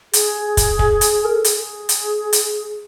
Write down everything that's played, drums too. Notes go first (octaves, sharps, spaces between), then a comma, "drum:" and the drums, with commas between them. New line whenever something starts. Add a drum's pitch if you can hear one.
G#4, drum: hi-hat
drum: kick, hi-hat
drum: kick
drum: hi-hat
A#4
A4
G#4, drum: hi-hat
drum: hi-hat
drum: hi-hat